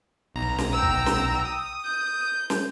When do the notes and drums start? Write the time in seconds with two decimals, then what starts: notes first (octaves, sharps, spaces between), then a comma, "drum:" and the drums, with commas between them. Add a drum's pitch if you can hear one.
0.35 B1 A#5
0.58 drum: snare
0.72 G5 E6
0.82 drum: kick
1.06 drum: snare
1.45 D#6
1.85 G6
2.50 drum: snare